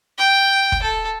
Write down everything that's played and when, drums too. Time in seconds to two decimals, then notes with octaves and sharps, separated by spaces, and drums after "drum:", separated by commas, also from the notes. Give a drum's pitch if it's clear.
0.18 G5
0.72 drum: kick
0.83 A4